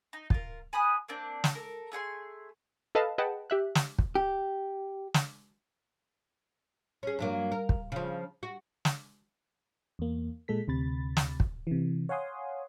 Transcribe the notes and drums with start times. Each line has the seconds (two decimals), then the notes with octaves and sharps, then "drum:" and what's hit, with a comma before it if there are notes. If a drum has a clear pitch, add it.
0.13 D#4
0.30 F4 A#4, drum: kick
0.73 G#5 B5 D#6 F#6
1.08 A#3 C4 D4
1.44 drum: snare
1.55 A4 A#4
1.92 A3 G#4 F#5 C6
2.95 A4 B4 D#5 F5 A5
3.18 G#4 B4 D#5 F#5 G5 A5
3.50 G4 E5 F#6
3.75 drum: snare
3.99 drum: kick
4.15 G4
5.14 drum: snare
7.03 C#4 G#4
7.19 G2 F#3 A#3
7.52 A#4
7.69 drum: kick
7.92 C#3 F3
8.43 F#4
8.85 drum: snare
9.99 E2 A#3
10.48 A#2 G#3 A4 B6
10.68 D2 C3 B5 A6
11.17 drum: snare
11.40 drum: kick
11.67 C3 E3
12.09 C#5 F5 F#5 G#5 C6 D#6